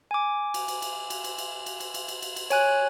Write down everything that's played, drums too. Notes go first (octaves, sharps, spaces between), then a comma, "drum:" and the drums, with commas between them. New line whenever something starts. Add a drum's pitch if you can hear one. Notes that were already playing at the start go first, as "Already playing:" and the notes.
G#5 D6
drum: cymbal
drum: cymbal
drum: cymbal
drum: cymbal
drum: cymbal
drum: cymbal
drum: cymbal
drum: cymbal
drum: cymbal
drum: cymbal
drum: cymbal
drum: cymbal
C#5 G#5 F#6, drum: cymbal